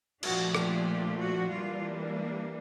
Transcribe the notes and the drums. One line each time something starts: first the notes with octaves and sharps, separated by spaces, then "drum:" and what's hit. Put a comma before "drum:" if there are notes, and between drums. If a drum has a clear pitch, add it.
A#2 F3 A3 D4 F#4, drum: cymbal
G4, drum: rim click
F#4
E3 G3 A#3 D4 F4